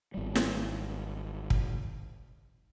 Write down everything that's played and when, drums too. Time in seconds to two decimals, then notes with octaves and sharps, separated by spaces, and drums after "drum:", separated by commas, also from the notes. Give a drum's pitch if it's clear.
0.14 G#1 G3
0.35 drum: snare
1.50 drum: kick